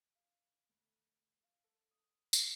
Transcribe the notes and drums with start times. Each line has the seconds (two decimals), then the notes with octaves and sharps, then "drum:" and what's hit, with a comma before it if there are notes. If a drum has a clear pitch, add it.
0.15 F5
0.69 D2
1.43 F5
1.64 A4
1.91 D#6
2.33 drum: tambourine